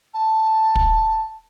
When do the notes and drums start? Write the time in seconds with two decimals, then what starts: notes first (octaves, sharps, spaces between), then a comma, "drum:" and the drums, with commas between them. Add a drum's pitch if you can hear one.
0.14 A5
0.75 drum: kick